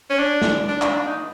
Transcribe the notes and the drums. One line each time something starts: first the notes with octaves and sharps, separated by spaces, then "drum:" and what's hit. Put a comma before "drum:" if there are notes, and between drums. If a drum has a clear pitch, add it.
C#4
D4
drum: snare
D4
D4, drum: clap
D4
D#4